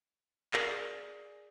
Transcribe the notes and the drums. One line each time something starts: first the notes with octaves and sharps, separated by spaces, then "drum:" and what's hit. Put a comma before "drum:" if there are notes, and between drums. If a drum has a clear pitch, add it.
G#4 A#4 D5 F5, drum: clap